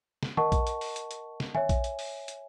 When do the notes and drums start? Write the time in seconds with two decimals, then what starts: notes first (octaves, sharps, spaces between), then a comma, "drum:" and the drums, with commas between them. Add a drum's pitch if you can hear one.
0.23 drum: snare
0.37 A#4 D#5 F#5 A5 C#6, drum: tom D#3
0.52 drum: kick A#1, hi-hat
0.67 drum: hi-hat
0.81 drum: open hi-hat
0.96 drum: hi-hat
1.11 drum: hi-hat
1.40 drum: snare
1.55 C#5 E5 G#5, drum: tom D#3
1.69 drum: kick A#1, hi-hat
1.84 drum: hi-hat
1.99 drum: open hi-hat
2.28 drum: hi-hat